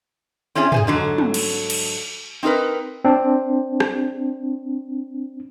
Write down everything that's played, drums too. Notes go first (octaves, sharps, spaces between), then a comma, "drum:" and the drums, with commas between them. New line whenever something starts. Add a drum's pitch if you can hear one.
C4 C#4 E4 G#4 D5
G#4 C5 G#5, drum: tom
G#2 D3 F#3
drum: tom
drum: cymbal
drum: cymbal
C4 D#4 F#4 A#4 B4
C4 D4
drum: rim click